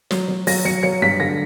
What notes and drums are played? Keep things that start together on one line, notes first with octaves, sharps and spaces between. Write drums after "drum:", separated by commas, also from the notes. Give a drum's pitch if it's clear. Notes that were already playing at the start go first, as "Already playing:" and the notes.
F#3, drum: snare
F#3
F#3 A#6, drum: open hi-hat
F#3 C#7
F#3 C#7
G2 B6
D3 A#6